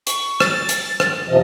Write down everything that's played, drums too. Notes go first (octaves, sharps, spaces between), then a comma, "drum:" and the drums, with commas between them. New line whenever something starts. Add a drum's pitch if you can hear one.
C#6, drum: hi-hat
A6, drum: rim click
drum: hi-hat
drum: rim click
F#2 C3 F3 D#5